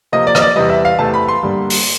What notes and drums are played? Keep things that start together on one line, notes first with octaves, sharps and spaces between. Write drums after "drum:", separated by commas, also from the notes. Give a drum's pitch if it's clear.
C3 F3 A#3 D#5
D5
D#5, drum: rim click
D5
E2 C3 E3 G3 D#5
E5
F5
E2 C3 E3 A3 A5
B5
C6
G2 D3 G3 A#3
drum: open hi-hat